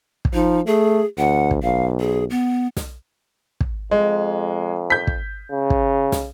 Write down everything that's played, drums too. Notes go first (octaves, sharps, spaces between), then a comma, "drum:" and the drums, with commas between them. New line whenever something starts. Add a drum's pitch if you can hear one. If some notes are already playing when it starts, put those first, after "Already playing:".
drum: kick
F3 D#4
A3 G#4
D2 F#5
drum: kick
B1 F5
G#4
B3
drum: snare
drum: kick
F2 G#3
G6 B6
drum: kick
C#3
drum: kick
drum: snare